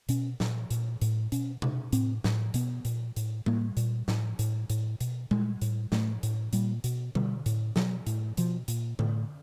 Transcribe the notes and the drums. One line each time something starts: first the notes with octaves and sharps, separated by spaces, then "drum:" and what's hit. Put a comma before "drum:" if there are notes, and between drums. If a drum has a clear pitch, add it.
B2 C#4, drum: hi-hat
A#2, drum: snare
A#2, drum: hi-hat
A2, drum: hi-hat
B2 C#4, drum: hi-hat
B2, drum: tom C3
A2 C4, drum: hi-hat
A2, drum: snare
B2 B3, drum: hi-hat
A#2, drum: hi-hat
A2, drum: hi-hat
A2 A#3, drum: tom G3
A#2, drum: hi-hat
A2, drum: snare
A2, drum: hi-hat
A2, drum: hi-hat
B2, drum: hi-hat
A#2 G#3, drum: tom G3
A2, drum: hi-hat
A2 A3, drum: snare
A2, drum: hi-hat
A#2 G3, drum: hi-hat
B2, drum: hi-hat
B2 G3, drum: tom D3
A2, drum: hi-hat
B2 F#3, drum: snare
A2, drum: hi-hat
B2 F3, drum: hi-hat
A#2, drum: hi-hat
A2, drum: tom D3